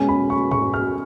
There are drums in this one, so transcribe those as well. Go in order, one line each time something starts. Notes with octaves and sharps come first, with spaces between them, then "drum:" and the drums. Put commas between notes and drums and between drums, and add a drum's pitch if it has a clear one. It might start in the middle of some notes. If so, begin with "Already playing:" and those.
Already playing: B2 G#3 C#4 G#5
B5
C#6
C#6, drum: tom G#2
F6